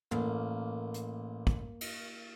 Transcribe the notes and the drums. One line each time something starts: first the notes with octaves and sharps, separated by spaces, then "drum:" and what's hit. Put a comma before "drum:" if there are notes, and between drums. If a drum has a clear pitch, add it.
A1 A#3, drum: tom
drum: hi-hat
drum: kick
drum: cymbal